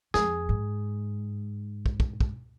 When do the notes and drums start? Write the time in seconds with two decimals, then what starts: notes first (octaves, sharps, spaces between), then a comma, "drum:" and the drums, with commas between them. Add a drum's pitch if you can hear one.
0.14 F2 G#4, drum: snare
0.49 G#2
1.86 drum: kick
2.00 drum: kick
2.21 drum: kick